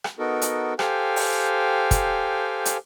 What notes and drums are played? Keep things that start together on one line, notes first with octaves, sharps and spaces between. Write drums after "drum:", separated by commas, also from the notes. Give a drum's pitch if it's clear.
drum: rim click
B3 D#4 F#4 A4 A#4
drum: hi-hat
G4 A4 C5 F5 G5 G#5, drum: rim click
drum: open hi-hat
drum: kick, hi-hat
drum: hi-hat